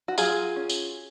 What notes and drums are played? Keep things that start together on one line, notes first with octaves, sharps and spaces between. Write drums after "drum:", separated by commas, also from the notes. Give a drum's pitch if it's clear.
F#4
F#3 F4 G#4, drum: tambourine
C#4
drum: tambourine